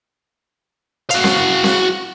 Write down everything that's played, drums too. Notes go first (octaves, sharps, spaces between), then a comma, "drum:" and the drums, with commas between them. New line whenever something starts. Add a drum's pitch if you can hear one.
F#4 F5, drum: hi-hat
drum: snare C4
drum: snare C4